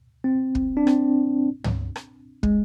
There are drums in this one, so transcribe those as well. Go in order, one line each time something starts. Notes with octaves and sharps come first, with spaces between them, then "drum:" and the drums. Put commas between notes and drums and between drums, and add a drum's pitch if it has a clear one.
C4
drum: kick
D4
C4, drum: rim click
drum: tom
drum: rim click
G#3, drum: kick